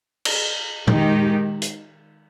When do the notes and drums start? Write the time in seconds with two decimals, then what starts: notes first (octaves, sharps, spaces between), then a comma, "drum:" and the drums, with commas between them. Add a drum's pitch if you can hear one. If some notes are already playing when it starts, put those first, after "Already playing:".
0.25 drum: cymbal
0.87 D#3 G#3 D#4 G4, drum: tom A#2
1.62 drum: hi-hat